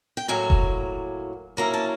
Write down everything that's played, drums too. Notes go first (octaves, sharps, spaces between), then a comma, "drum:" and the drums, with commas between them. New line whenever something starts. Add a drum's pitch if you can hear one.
G5
A2 F#3 A#3 G#5
drum: kick F1
F#3 A#3 C#4 E4 A#5
A5